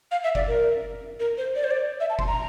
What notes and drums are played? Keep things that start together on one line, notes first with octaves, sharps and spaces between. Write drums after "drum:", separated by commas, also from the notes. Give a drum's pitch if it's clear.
F5
E5
D5, drum: kick F#1
A#4
A#4
C5
D5
C5
D5
E5
A5
C6, drum: kick F#1
A#5